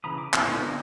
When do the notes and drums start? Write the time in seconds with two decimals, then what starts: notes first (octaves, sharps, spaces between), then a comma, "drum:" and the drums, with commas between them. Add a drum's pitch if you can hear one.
0.04 C#3 E3 A#5 B5 D#6
0.18 D6
0.33 C4 E4, drum: clap
0.48 D3 B3 D#4 F4 C5
0.65 C5 E5 G5 A#5